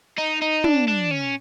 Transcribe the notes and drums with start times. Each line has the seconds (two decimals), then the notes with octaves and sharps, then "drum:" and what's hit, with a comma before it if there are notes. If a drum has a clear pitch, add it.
0.18 D#4
0.42 D#4
0.64 D4, drum: tom
0.88 D4
1.11 C#4